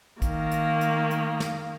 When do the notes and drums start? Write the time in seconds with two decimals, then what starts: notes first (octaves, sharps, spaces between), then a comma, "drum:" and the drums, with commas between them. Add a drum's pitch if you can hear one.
0.22 D#3 A#3, drum: kick A1, hi-hat
0.51 drum: hi-hat
0.81 drum: hi-hat
1.11 drum: hi-hat
1.40 drum: snare